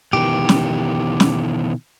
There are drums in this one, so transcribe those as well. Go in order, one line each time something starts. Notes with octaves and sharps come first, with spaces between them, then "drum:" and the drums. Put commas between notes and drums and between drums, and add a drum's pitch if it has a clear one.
B2 D#3 E3 G4
drum: snare
drum: snare